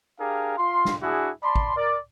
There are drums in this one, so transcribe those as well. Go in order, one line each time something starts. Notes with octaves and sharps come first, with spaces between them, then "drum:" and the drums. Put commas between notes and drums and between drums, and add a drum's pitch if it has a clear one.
D4 G4 G#4 A#4 F5
F4 C6
drum: snare
D4 E4 F#4 G#4
D5 A5 B5 C6
drum: kick G#1
A#4 D5